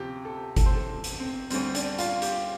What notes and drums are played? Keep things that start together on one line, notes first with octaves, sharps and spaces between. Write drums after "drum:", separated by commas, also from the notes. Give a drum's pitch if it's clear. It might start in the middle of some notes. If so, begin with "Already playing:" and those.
Already playing: D2 C3 F3 G4
A4
A4, drum: kick G1, hi-hat
C5
A4
drum: hi-hat
C4
D2 D3 G3 C4, drum: hi-hat
D4, drum: hi-hat
F4, drum: hi-hat
G4, drum: hi-hat